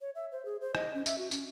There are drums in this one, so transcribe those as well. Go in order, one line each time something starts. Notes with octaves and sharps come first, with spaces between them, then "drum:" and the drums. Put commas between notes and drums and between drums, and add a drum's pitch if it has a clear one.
C#5
E5
C5
G#4
C5
D#5, drum: rim click
C#4
E5, drum: tambourine
F#4
C#4, drum: tambourine